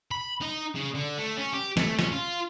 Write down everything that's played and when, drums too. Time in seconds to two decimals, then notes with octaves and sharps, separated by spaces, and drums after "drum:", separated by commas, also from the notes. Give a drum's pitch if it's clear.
0.11 B5
0.41 D#4
0.75 C#3
0.94 D3
1.18 A3
1.37 C#4
1.53 G4
1.77 A3, drum: snare
1.99 C#4, drum: snare
2.12 F4